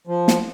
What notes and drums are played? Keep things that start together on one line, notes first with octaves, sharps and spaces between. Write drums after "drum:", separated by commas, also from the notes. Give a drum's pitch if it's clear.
F3
drum: snare